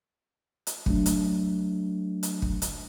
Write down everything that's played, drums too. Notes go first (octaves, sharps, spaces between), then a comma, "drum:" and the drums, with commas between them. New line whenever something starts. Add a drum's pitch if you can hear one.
drum: hi-hat
F#3 A3 D4, drum: kick
drum: hi-hat
drum: hi-hat
drum: kick
drum: hi-hat